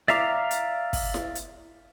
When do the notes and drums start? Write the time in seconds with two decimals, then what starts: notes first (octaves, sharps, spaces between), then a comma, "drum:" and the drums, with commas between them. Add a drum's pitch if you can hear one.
0.08 D5 E5 F5 A#5 D6, drum: snare E4
0.51 drum: hi-hat
0.93 drum: kick, open hi-hat
1.14 drum: snare E4
1.35 drum: hi-hat